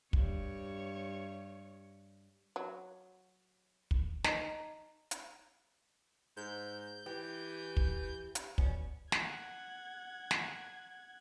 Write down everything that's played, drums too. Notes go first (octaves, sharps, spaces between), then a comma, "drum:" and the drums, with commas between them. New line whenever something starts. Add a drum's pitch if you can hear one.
G2 C#5, drum: kick
F#3
drum: kick
D#4, drum: snare
drum: hi-hat
G#2 G6
E3 G4
drum: kick
drum: hi-hat
B2 C#4, drum: kick
F#5 G#6, drum: snare
drum: snare